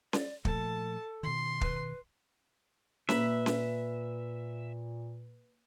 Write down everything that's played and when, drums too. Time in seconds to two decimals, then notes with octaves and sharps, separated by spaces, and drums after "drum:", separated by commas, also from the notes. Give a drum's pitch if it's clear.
0.13 D5, drum: snare C#4
0.45 A#2 F3 A3 A4 A5, drum: kick
1.23 B2 D#3 C6
1.61 B4, drum: kick
3.09 A#2 A#3 B4 E5, drum: snare C#4
3.46 drum: snare C#4